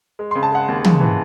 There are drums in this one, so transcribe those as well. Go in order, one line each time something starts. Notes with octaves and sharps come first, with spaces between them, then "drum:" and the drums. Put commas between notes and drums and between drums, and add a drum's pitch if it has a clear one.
G#3
C#3 C6
A5
G#3 F#5
D#2
C#3, drum: tom
E3